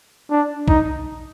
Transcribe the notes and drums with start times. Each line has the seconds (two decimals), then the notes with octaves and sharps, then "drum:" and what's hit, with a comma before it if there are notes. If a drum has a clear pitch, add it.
0.30 D4
0.68 D#4, drum: kick